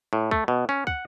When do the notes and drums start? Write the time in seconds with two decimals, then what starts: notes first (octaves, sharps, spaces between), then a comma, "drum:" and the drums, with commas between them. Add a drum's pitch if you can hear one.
0.13 A2
0.31 A3, drum: kick
0.48 B2
0.69 C#4
0.87 F#5, drum: kick